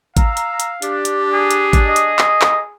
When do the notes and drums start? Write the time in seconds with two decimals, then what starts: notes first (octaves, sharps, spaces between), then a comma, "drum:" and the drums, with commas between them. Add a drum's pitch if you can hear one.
0.17 F5 A#5 E6, drum: kick G#1, hi-hat
0.37 drum: hi-hat
0.60 drum: hi-hat
0.82 D4 G4, drum: hi-hat
1.05 drum: hi-hat
1.34 G#4
1.51 drum: hi-hat
1.73 drum: kick G#1, hi-hat
1.87 D#5
1.96 drum: hi-hat
2.19 drum: clap
2.42 drum: clap